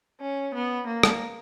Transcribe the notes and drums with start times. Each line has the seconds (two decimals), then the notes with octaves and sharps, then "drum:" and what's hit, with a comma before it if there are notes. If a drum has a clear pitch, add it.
0.21 C#4
0.54 B3
0.87 A#3
1.03 drum: rim click